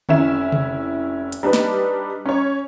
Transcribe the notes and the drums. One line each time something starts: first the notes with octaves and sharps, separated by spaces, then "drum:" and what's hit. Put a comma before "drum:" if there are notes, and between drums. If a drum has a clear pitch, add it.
F1 C#4 E4 E7, drum: tom D3
drum: tom C3
drum: hi-hat
G3 D4 D#4 B4
drum: snare
C#4 C#5